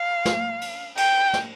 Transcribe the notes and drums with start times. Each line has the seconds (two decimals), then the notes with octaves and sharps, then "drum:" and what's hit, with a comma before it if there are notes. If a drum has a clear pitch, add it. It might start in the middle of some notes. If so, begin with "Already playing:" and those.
Already playing: F5
0.25 drum: snare
0.61 drum: cymbal
0.97 G5, drum: cymbal
1.33 drum: snare